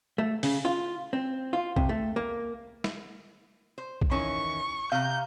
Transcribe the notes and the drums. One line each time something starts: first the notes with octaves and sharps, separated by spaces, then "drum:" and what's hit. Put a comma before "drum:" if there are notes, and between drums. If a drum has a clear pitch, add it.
A3
C#3, drum: open hi-hat
F4
C4
F4
C3, drum: kick B1
A3
A#3
drum: snare
C5
drum: kick B1
D#3 E3 C#4 C#6
C3 F5 A#5 G6